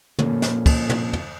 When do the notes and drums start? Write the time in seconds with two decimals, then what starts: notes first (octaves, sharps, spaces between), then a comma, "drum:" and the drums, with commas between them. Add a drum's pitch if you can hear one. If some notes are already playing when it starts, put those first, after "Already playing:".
0.19 F2 A#2 A#3 C#4 A4, drum: tom
0.42 drum: snare
0.66 drum: kick, cymbal
0.90 drum: tom
1.13 drum: tom E2